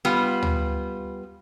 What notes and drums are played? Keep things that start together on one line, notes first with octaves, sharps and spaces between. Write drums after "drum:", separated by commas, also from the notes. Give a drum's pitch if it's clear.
G3 B3 F4
drum: tom D2